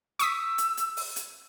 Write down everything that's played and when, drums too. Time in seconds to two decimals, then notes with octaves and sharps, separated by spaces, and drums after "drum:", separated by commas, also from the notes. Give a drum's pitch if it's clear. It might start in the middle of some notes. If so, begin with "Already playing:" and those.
0.19 C#6 D#6 E6 B6, drum: hi-hat
0.58 drum: hi-hat
0.77 drum: hi-hat
0.97 drum: open hi-hat
1.16 drum: hi-hat